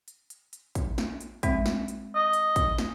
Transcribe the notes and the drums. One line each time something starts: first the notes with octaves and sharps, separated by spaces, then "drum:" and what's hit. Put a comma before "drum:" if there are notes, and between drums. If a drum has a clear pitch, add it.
drum: hi-hat
drum: hi-hat
drum: hi-hat
drum: kick, hi-hat
drum: snare
drum: hi-hat
G#3 C4 E5, drum: kick, hi-hat
drum: snare
drum: hi-hat
D#5
drum: hi-hat
drum: kick, hi-hat
drum: snare